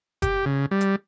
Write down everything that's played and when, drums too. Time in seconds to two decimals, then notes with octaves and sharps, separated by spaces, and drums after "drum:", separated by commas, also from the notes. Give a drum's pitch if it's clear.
0.22 G4, drum: kick F#1, hi-hat
0.46 C#3
0.71 G3
0.81 drum: hi-hat